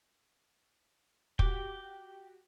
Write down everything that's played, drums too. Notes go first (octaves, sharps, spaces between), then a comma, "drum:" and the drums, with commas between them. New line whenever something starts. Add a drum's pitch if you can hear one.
F#4 G4 G5 D6 F#6, drum: kick